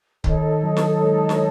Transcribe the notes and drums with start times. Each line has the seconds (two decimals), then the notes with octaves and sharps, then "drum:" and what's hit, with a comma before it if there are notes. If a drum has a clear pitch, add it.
0.24 D#3 D#4 A4 C#5, drum: kick C#1
0.63 F#3
0.77 drum: snare
1.03 G#3
1.29 drum: snare